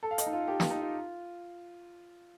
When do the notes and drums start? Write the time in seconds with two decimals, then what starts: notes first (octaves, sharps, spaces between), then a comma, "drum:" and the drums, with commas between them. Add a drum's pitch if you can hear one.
0.03 A4
0.11 F5
0.18 D#5, drum: hi-hat
0.26 D#4
0.33 F4
0.48 G4
0.60 F4, drum: snare
0.70 D#4
0.81 F4